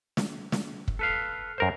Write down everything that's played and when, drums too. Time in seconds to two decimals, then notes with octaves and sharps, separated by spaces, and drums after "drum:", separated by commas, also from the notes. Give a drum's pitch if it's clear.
0.17 drum: snare
0.52 drum: snare
0.88 drum: kick
0.99 A4 B4 F5
1.58 F#2 A#4 C5